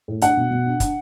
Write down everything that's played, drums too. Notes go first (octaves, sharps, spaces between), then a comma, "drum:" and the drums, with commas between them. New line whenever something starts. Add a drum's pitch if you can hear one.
A2
D4 F#5, drum: hi-hat
B2
B2
D4
D4, drum: kick, hi-hat